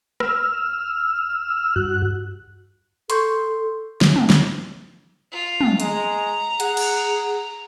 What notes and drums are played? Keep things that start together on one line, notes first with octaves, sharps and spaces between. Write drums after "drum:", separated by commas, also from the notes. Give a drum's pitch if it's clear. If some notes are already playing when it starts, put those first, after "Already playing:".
E6 F6, drum: rim click
G2 F#4 F#6
A4 C6 C#6 G6, drum: hi-hat
drum: snare
drum: tom
drum: snare
F4
drum: tom
G#3 A#5, drum: hi-hat
G#4 F#5, drum: hi-hat
drum: cymbal